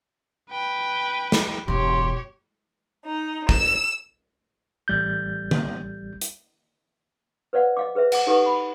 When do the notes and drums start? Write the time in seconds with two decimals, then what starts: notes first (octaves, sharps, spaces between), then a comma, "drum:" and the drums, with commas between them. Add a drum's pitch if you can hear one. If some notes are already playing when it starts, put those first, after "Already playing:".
0.51 B4 G5
1.32 drum: snare
1.68 E1 G2 G4 C#5 C6
3.05 D#4
3.49 E6, drum: kick
4.88 A1 G3 G6
5.51 drum: tom D3
6.21 drum: hi-hat
7.53 B4 C5 D5 F5 F#5
7.77 D#5 F5 D6
7.95 G#4 B4 C5 E5
8.12 F#5 D6, drum: cymbal
8.27 D#4 G4 A4 B4 F#5 C#6
8.46 B5